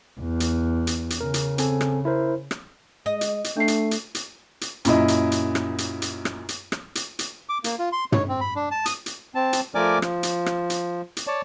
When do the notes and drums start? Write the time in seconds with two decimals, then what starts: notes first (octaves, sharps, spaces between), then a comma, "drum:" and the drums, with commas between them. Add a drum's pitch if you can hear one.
0.20 E2
0.40 drum: hi-hat
0.87 drum: hi-hat
1.10 drum: hi-hat
1.21 C#3 A#4
1.34 drum: hi-hat
1.58 C4 A4 G#5, drum: hi-hat
1.81 drum: rim click
2.05 E4 A#4 C5
2.51 drum: rim click
3.06 G#3 D#5
3.21 drum: hi-hat
3.44 drum: hi-hat
3.57 A3 D4 C7
3.68 drum: hi-hat
3.91 drum: hi-hat
4.15 drum: hi-hat
4.61 drum: hi-hat
4.85 F#2 A#2 E4 D#5, drum: hi-hat
5.08 drum: hi-hat
5.32 drum: hi-hat
5.55 drum: rim click
5.78 drum: hi-hat
6.02 drum: hi-hat
6.25 drum: rim click
6.49 drum: hi-hat
6.72 drum: rim click
6.95 drum: hi-hat
7.19 drum: hi-hat
7.49 D6
7.64 A#3, drum: hi-hat
7.79 F4
7.92 C6
8.12 C#5, drum: tom
8.29 C4
8.41 B5
8.56 D4
8.71 A5
8.86 D#6, drum: hi-hat
9.06 drum: hi-hat
9.35 C4 A5
9.53 drum: hi-hat
9.75 F3 A3 A#4 D5 G#5 D6
10.02 F3, drum: rim click
10.23 drum: hi-hat
10.46 drum: rim click
10.70 drum: hi-hat
11.17 drum: hi-hat
11.27 C#5 D5 A5